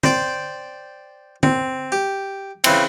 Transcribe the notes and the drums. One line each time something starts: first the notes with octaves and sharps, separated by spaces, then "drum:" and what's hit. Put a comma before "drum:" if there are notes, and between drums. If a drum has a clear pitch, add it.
C5 D5 G5, drum: tom
C4, drum: tom
G4
C#3 E3 C4, drum: cymbal